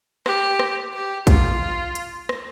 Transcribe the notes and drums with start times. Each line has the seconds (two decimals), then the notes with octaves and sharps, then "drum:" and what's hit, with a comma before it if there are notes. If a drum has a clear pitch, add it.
0.26 G4, drum: rim click
0.59 drum: rim click
0.94 G4
1.27 F4, drum: kick, hi-hat
1.95 drum: hi-hat
2.29 drum: rim click